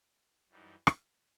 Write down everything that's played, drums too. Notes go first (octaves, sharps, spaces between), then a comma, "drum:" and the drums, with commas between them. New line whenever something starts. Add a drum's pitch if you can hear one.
F#2 E3 G3 D#4
drum: rim click